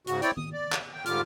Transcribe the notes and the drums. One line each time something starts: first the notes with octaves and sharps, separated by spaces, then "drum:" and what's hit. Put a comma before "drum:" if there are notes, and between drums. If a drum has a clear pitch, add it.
G#2 C#3 F#4, drum: hi-hat
C4 E4 C#5 D5 G5, drum: hi-hat
D#6, drum: tom D#3
D5
drum: clap
G5
G#2 D3 G3 F4 D6 F6, drum: hi-hat